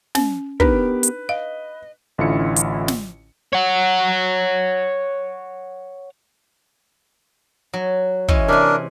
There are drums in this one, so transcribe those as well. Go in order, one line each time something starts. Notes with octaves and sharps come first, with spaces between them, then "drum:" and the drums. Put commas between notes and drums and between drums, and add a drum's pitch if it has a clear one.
C#4, drum: snare
B3 D4 D#4 G4 A#4 B4, drum: kick
drum: hi-hat
D#5 F5
A1 D3 C#4 E4 F4 C#7
drum: hi-hat
drum: snare
C#5 F#5
F#3
E3 G#3 C#4, drum: kick
C3 D4 A#4 G#5